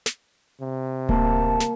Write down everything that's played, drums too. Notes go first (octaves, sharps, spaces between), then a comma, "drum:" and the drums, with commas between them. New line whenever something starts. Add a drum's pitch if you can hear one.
drum: snare
C3
A#3 A5, drum: kick D1
drum: snare